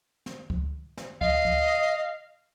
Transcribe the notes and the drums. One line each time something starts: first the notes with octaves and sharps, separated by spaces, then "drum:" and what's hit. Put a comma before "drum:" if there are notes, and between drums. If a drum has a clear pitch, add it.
drum: snare
drum: kick C#2
drum: snare
D#5 F5, drum: kick C#2
drum: kick C#2